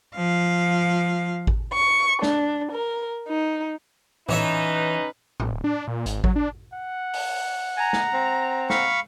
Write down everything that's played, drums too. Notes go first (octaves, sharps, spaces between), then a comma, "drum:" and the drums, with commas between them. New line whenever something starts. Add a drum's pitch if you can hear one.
F3 F5
drum: kick G#1
C#6
D4, drum: snare
A#4
D#4
E3 C#4 D#4 B4 C#5 E5, drum: tom A2
A#1, drum: tom A2
D1
D4
A#2
G#1, drum: hi-hat
F#3, drum: kick G#1
D4
F#5
drum: open hi-hat
G#5 A#5
drum: snare
C4
F5 B5 C#6, drum: snare